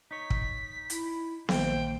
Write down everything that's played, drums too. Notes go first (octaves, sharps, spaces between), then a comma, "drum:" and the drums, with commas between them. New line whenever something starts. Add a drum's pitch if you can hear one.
D#4 C#5 B6
drum: kick
E4, drum: hi-hat
A#1 D#3 A#3 C5 G5, drum: snare B3